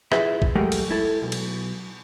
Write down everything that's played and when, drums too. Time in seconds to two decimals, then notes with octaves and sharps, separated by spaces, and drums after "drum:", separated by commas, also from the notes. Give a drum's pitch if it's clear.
0.12 E4 F4 G#4 B4 E5, drum: rim click
0.42 drum: kick
0.55 F#3 G#3 A3 G4 A#4 F#5
0.72 drum: cymbal
0.91 E4 A4
1.22 B1
1.32 drum: cymbal